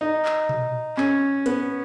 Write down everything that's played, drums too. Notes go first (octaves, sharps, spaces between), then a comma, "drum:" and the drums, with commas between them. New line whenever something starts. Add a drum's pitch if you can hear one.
D#4
drum: clap
drum: tom A#2
C#4, drum: clap
B3, drum: hi-hat